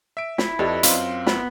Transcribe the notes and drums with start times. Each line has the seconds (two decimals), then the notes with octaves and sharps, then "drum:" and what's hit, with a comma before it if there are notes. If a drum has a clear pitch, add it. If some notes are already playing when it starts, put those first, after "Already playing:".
0.17 E5 D7
0.38 E4, drum: snare
0.59 F2 G4 A4 B4 D5 D#5
0.83 F#2 C4 F4 B4 C#5 F5 C6, drum: hi-hat
1.27 B3 E4 A#4 B5, drum: snare